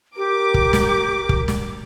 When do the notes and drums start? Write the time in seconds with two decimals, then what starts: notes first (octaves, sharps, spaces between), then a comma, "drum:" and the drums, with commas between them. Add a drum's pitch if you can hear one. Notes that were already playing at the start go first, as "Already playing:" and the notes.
0.17 G4 A#4 D6
0.54 drum: kick
0.73 drum: snare
1.29 drum: kick
1.48 drum: snare